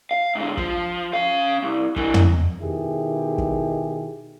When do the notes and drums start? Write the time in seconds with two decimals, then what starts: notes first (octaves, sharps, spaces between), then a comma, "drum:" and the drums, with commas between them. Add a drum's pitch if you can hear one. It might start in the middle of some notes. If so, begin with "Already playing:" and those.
0.11 F5
0.35 G#2 D3
0.57 F3, drum: kick
1.14 C#4 F5
1.62 C2
1.96 C3 E3, drum: kick
2.14 drum: tom
2.60 B2 D#3 E4 G4 G#4
3.38 drum: kick